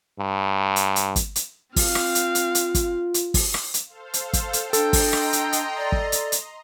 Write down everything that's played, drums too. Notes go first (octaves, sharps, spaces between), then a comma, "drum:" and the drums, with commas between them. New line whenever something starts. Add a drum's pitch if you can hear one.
G2
drum: hi-hat
drum: hi-hat
drum: kick, hi-hat
drum: hi-hat
C4 F4 F5, drum: kick, open hi-hat
drum: rim click
drum: hi-hat
drum: hi-hat
drum: hi-hat
drum: kick, hi-hat
drum: hi-hat
drum: kick, open hi-hat
drum: rim click
drum: hi-hat
A4 C5 F5
drum: hi-hat
drum: kick, hi-hat
drum: hi-hat
D4 A4 D#5 G5 A#5 C6, drum: hi-hat
drum: kick, open hi-hat
drum: rim click
drum: hi-hat
drum: hi-hat
D5
drum: kick
drum: hi-hat
drum: hi-hat